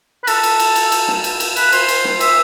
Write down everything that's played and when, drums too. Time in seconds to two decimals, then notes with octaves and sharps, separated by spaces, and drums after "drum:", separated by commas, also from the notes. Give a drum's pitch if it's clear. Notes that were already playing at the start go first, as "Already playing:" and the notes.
0.23 B4
0.27 A4, drum: cymbal
0.43 drum: cymbal
0.60 drum: cymbal
0.76 drum: cymbal
0.92 drum: cymbal
1.08 drum: snare
1.24 drum: cymbal
1.40 drum: cymbal
1.56 B4, drum: cymbal
1.72 C5, drum: cymbal
1.88 drum: cymbal
2.05 drum: snare
2.21 E5, drum: cymbal